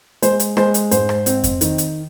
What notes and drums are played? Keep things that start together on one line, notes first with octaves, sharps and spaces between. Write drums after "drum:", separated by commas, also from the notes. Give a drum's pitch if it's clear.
G#3 C5, drum: hi-hat
drum: hi-hat
G#3 C5, drum: rim click
drum: hi-hat
G#2 C5, drum: hi-hat
drum: rim click
C4, drum: hi-hat
drum: kick F2, hi-hat
D#3, drum: hi-hat
drum: hi-hat